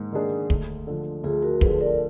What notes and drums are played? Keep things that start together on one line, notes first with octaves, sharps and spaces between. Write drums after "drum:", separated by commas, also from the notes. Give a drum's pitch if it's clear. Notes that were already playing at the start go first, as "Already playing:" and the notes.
Already playing: G#2 D#3 A#3
D#3 A#3 D4 G#4
D2, drum: kick
D3 F3
D2 F4 G#4
F#4 A#4
D3 F3 G#4 B4, drum: kick
A#4 D5